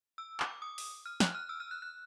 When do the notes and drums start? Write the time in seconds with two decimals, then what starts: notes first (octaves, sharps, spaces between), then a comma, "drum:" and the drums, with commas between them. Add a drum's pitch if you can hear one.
0.18 E6
0.40 D6, drum: clap
0.62 D#6
0.78 drum: open hi-hat
1.06 F6
1.20 F#6, drum: snare
1.35 F6
1.49 E6
1.60 F6
1.71 F#6
1.82 F#6